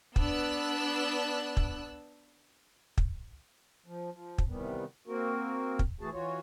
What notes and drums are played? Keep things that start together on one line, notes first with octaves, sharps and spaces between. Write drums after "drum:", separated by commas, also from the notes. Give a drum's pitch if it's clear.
B3 D4 E6 F#6, drum: kick
drum: kick
drum: kick
F3
F3
drum: kick
C3 D#3 E3 G3 B3
A#3 C4 F#4 A#4
drum: kick
E3 A3 F#4 G#4 A5
E3 F4 F#4 C#5